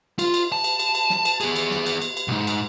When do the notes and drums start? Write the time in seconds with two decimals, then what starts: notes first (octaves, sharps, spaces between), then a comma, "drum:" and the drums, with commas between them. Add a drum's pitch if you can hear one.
0.19 F4, drum: cymbal
0.34 drum: cymbal
0.52 A5
0.64 drum: cymbal
0.80 drum: cymbal
0.95 drum: cymbal
1.10 drum: snare
1.25 drum: cymbal
1.41 B3 G#4, drum: cymbal
1.56 drum: cymbal
1.71 drum: snare
1.86 drum: cymbal
2.02 drum: cymbal
2.17 drum: cymbal
2.28 B1 G#2
2.47 drum: cymbal